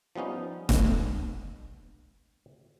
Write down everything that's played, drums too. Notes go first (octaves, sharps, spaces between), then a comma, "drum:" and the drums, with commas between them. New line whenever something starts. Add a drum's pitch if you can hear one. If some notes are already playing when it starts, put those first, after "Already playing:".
F3 G3 B3 C#4 D#4
drum: snare E1